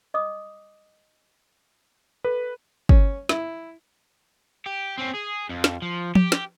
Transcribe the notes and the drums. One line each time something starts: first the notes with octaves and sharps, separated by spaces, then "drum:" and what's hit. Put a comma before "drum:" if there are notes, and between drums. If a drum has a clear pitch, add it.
D#5 D6 D#6
A4 B4
C#4, drum: kick
E4, drum: snare
G4
C4 C#4
G#4
F2
drum: snare
F3
G4, drum: tom F3
drum: snare